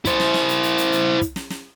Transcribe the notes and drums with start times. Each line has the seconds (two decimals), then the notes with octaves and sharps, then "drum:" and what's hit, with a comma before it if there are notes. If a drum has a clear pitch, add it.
0.05 E4 C5, drum: kick, hi-hat
0.20 drum: snare
0.34 drum: snare
0.49 drum: hi-hat
0.63 drum: hi-hat
0.78 drum: hi-hat
0.92 drum: hi-hat
1.21 drum: kick, hi-hat
1.36 drum: snare
1.50 drum: snare